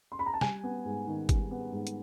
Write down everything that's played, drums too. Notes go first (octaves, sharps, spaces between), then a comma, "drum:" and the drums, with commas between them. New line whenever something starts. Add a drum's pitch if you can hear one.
C6
B5
A#5
A5
G3 G#5, drum: snare
B3
G#2
D#3
G3, drum: kick G1, hi-hat
B3
G#2
drum: hi-hat